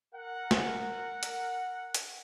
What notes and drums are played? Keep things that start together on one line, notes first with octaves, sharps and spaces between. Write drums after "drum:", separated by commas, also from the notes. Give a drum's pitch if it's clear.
A#4 F#5
drum: snare
drum: hi-hat
drum: hi-hat